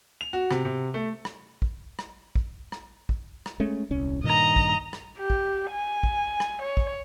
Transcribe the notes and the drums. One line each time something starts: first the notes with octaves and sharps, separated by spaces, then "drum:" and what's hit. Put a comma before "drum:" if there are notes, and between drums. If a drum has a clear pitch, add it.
F7
F#4
C3, drum: rim click
C3
A3
drum: rim click
drum: kick A1
drum: rim click
drum: kick A1
drum: rim click
drum: kick A1
drum: rim click
G#3 A3 C#4
D#1 C2 C#4
G2 A#2 D#3 D#5 A#5
drum: kick A1
drum: rim click
G4
drum: kick A1
G#5
drum: kick A1
drum: rim click
C#5
drum: kick A1